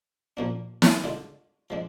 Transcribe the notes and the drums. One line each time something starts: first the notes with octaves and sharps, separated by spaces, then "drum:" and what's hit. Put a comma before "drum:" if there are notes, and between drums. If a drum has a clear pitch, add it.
A#2 F3 A#3 D4
drum: snare
D3 G#3 D4 F4
F3 G#3 D4